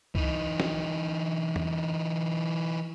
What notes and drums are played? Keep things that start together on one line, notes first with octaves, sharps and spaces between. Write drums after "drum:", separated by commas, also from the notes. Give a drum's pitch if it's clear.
E3 D#4, drum: kick C2
drum: snare
drum: tom E2